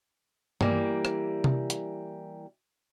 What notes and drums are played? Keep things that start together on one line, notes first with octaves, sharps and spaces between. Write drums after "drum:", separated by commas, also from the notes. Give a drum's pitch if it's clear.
E3 G3 A#3, drum: tom G2
drum: rim click
drum: tom C3
drum: hi-hat